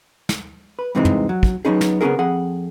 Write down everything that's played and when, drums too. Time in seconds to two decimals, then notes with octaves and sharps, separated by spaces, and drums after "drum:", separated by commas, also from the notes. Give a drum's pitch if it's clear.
0.29 drum: snare
0.79 B4
0.95 G2 C3 E3 G#3 C4 D#4
1.05 drum: tom
1.29 F#3
1.43 drum: kick
1.65 F#3 A3 B3 C#4 D#4 G#4
1.81 drum: snare
2.01 C#3 B3 C#4 D#4 G#4 A#4
2.19 F2 G#4 F#5